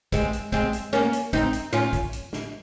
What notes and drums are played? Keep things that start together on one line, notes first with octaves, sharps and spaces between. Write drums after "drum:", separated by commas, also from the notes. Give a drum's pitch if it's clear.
G#3 C4, drum: kick, hi-hat
drum: hi-hat
G#3 C4, drum: kick, hi-hat
drum: hi-hat
A#3 C#4, drum: snare
drum: hi-hat
C4 D#4, drum: kick, hi-hat
drum: hi-hat
C#4 F4, drum: hi-hat
drum: kick, hi-hat
drum: hi-hat
drum: snare